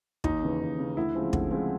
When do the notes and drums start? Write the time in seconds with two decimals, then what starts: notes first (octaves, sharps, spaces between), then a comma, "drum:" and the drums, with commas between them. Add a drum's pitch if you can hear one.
0.24 D#2 D#4, drum: kick
0.42 C#3 E3
0.61 D#2
0.79 C#3 E3
0.97 D2 E4
1.15 C#3 F3 G#3 C4
1.33 D2, drum: kick
1.51 C#3 F3 G#3 C4